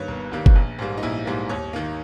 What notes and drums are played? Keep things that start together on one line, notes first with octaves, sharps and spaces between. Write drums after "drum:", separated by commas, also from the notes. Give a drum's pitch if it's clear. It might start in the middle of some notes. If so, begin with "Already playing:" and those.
Already playing: G2 D#3 G3 A#3 B4 C#5
G1
G2 D#3 G3 A#3
drum: kick F#1
A#1
G#2 G3 A#3
D#4
A#1 E4
G#2 G3 A#3
D#2 C#5
D#3 A#3